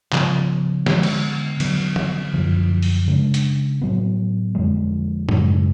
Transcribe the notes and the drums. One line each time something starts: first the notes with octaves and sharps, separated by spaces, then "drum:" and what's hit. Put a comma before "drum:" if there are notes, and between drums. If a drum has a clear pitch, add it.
C#3 F3 B3, drum: clap
D3 G#3 B3, drum: snare
drum: cymbal
D3 F#3 B3, drum: cymbal
drum: tom
F#2 D3 F3
drum: open hi-hat
C#3 G#3 D4
drum: hi-hat
A2 F#3 B3
F2 D3 F3 G#3
F#2 C#3 G#3 D4, drum: tom A2